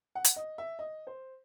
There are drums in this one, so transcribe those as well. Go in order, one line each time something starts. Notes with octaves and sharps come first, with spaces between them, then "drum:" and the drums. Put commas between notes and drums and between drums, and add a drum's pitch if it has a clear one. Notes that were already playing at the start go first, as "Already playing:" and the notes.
F#5
drum: hi-hat
D#5
E5
D#5
C5